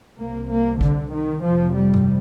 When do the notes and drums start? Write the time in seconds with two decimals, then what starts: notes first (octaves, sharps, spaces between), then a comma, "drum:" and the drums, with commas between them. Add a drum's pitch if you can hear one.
0.17 C2 C3 A#3
0.50 A#3
0.81 D3, drum: kick
1.12 D#3
1.45 F1 F2 C3 F3
1.76 G3
1.94 drum: tom G2